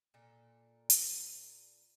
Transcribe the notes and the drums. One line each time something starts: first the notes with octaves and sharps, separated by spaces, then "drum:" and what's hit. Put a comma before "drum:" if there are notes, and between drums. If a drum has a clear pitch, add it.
A#2 D4 A4
drum: hi-hat